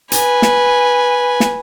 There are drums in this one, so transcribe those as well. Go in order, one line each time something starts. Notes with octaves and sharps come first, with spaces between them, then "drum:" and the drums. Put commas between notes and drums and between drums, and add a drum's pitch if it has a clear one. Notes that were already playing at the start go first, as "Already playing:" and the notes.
B4 G#5, drum: hi-hat
drum: snare
drum: snare